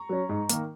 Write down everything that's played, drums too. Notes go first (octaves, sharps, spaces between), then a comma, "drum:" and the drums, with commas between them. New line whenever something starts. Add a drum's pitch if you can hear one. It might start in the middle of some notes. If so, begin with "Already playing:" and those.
Already playing: A#5 C#6
F#3 C#4
G#2
D#3 A#3, drum: hi-hat